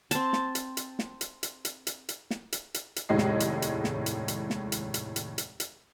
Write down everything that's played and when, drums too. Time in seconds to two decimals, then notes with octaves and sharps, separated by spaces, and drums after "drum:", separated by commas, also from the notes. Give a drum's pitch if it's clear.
0.11 C4 A5, drum: hi-hat
0.33 drum: snare
0.55 drum: hi-hat
0.77 drum: hi-hat
0.99 drum: snare
1.21 drum: hi-hat
1.43 drum: hi-hat
1.65 drum: hi-hat
1.87 drum: hi-hat
2.09 drum: hi-hat
2.31 drum: snare
2.52 drum: hi-hat
2.74 drum: hi-hat
2.96 drum: hi-hat
3.09 F1 D#2 A2 G#3 D#5 C7
3.18 drum: snare
3.40 drum: hi-hat
3.62 drum: hi-hat
3.84 drum: snare
4.06 drum: hi-hat
4.28 drum: hi-hat
4.50 drum: snare
4.72 drum: hi-hat
4.94 drum: hi-hat
5.16 drum: hi-hat
5.38 drum: hi-hat
5.60 drum: hi-hat